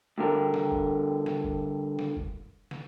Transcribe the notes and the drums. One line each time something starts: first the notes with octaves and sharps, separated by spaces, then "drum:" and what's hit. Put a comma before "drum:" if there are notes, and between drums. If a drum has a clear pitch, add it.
G2 D3 A#4
drum: snare
drum: kick
drum: snare
drum: kick
drum: snare
drum: kick
drum: snare